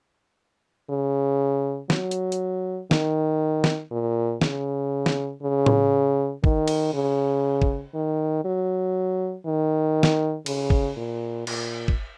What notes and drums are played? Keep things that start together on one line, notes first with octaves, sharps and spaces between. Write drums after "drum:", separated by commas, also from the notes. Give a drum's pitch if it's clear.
C#3
F#3, drum: snare
drum: hi-hat
drum: hi-hat
D#3, drum: snare
drum: snare
A#2
C#3, drum: snare
drum: snare
C#3
drum: tom A2
D#3, drum: kick
drum: cymbal
C#3
drum: kick
D#3
F#3
D#3
drum: snare
C#3, drum: cymbal
drum: kick
A#2
A#2, drum: cymbal
drum: kick